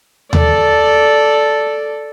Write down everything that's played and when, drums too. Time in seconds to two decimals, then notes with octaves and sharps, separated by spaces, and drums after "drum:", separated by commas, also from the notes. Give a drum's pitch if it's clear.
0.33 A4 D5, drum: tom D#2